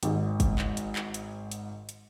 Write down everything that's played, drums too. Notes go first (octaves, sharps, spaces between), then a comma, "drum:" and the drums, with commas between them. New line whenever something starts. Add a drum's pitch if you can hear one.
G#1 G#2, drum: hi-hat
drum: kick, hi-hat
drum: clap
drum: hi-hat
drum: clap
drum: hi-hat
drum: hi-hat
drum: hi-hat